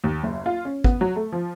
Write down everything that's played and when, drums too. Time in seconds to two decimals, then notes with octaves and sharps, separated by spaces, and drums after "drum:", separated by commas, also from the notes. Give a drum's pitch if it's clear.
0.04 D#2
0.23 F#1
0.46 F4
0.65 C#4
0.84 B3, drum: kick
1.01 F#3
1.16 A3
1.32 F3